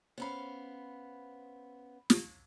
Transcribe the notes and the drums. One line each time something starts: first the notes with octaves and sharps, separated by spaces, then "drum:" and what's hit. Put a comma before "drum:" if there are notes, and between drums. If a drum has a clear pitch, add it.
B3 C#4 C5 F5 B5
drum: snare